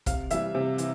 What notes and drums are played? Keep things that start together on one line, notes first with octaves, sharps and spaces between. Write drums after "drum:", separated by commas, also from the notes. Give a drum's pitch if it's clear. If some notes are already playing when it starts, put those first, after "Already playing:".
C3 F5, drum: kick, hi-hat
E3 G3 E5, drum: hi-hat
C3
E3, drum: hi-hat